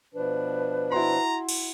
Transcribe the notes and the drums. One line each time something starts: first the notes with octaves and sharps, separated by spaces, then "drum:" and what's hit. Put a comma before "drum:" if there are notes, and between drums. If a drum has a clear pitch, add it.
B2 F3 D4 B4
E4 F#4 A#5 C6
drum: cymbal